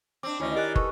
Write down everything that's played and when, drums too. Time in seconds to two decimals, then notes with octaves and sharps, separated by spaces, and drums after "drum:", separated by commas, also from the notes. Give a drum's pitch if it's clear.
0.23 C4 D4 D6
0.40 D2 D#3 C#4 E4 C#5 D#5
0.56 G4 A#4 D5 D#5 G#5 D6 F#6
0.76 A4 B4 C#6, drum: kick